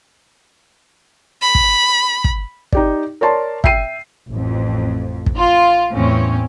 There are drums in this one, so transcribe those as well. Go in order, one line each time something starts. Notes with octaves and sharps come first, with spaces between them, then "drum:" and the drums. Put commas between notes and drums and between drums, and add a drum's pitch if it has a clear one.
B5
drum: kick
drum: kick
D#4 G4 D5, drum: kick
A#4 C#5 D5 A5 C6
E5 G5 C7 D#7, drum: kick
A1 F2
drum: kick
F4
E2 A2 C4 C#4